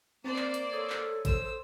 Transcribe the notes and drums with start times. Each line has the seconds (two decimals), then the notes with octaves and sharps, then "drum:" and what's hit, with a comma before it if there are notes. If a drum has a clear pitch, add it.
0.24 A#3 C4 C5 D5 A6
0.36 drum: clap
0.54 drum: hi-hat
0.72 A4 C#5 D#6 G#6
0.90 drum: clap
1.25 C5 E6, drum: kick G#1, hi-hat